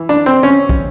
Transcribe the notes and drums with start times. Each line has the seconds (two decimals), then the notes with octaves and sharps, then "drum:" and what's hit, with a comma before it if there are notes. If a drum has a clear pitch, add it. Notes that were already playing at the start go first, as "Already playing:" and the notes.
Already playing: E3
0.09 D4
0.26 C4
0.43 C#4
0.69 drum: kick